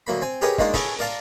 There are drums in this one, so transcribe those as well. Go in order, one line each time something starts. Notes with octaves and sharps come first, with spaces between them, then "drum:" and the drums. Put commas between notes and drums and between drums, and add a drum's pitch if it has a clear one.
D2 F#3 A#3 B5
C4 G#5
G4 G#4 A#4 B4 C#5 D#5
D#3 G#3 A#3 D4 D#4 F4, drum: kick
C#4 G#4 A4 B4, drum: kick, open hi-hat
A#4 D5 F5 A5 A#5